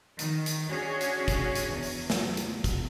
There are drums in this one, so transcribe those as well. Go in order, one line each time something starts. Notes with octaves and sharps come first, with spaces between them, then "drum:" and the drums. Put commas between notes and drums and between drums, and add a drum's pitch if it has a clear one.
D#3, drum: hi-hat
drum: hi-hat
C#4 D4 F#4 G#4 C#5
drum: hi-hat
drum: kick, hi-hat
drum: hi-hat
E2
drum: open hi-hat
drum: snare
drum: hi-hat
drum: kick, hi-hat